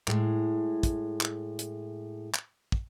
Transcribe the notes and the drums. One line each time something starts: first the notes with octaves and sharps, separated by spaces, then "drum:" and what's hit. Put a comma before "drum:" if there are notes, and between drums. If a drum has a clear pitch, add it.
A2 G#3, drum: clap
drum: kick, hi-hat
drum: clap
drum: hi-hat
drum: clap
drum: kick